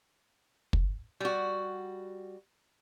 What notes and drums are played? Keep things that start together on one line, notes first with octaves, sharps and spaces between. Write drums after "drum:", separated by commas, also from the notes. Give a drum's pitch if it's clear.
drum: kick
G3 F#4